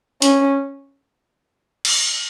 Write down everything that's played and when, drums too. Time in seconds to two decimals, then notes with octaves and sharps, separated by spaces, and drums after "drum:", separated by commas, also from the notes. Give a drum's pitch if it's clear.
0.22 C#4, drum: hi-hat
1.85 drum: cymbal